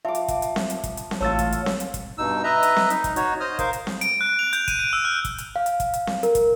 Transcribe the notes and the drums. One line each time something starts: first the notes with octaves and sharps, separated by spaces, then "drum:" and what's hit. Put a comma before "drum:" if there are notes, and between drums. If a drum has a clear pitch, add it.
F3 E5 D6
drum: hi-hat
drum: kick, hi-hat
drum: hi-hat
drum: snare C4
drum: hi-hat
drum: kick, hi-hat
drum: hi-hat
drum: snare C4
A1 A3 F4 A4 C#5 E6 A6
drum: kick, hi-hat
drum: hi-hat
drum: snare C4
drum: hi-hat
drum: kick, hi-hat
G2 B2 D#4 E6
B4 D#5 E5 A#5
drum: hi-hat
drum: snare C4
D#4, drum: hi-hat
drum: kick, hi-hat
D#4 F#4 C#5, drum: hi-hat
C5 D#5 D#6 F6
A#4 C5 F5, drum: kick, hi-hat
drum: hi-hat
drum: snare C4
D7, drum: hi-hat
F#6
F7
G6, drum: hi-hat
D#7, drum: kick, hi-hat
D7
E6
F6
drum: kick, hi-hat
drum: hi-hat
F5
drum: hi-hat
drum: kick, hi-hat
drum: hi-hat
drum: snare C4
A#4, drum: hi-hat
drum: kick, hi-hat